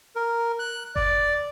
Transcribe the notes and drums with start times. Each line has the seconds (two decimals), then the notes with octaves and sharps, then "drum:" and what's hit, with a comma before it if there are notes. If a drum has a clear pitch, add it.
0.16 A#4
0.59 F#6
0.96 D5, drum: kick F#1